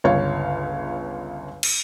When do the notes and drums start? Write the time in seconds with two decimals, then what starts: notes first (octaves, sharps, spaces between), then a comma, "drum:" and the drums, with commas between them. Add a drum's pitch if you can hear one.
0.04 G1 C#2 C#5 F5
1.63 drum: cymbal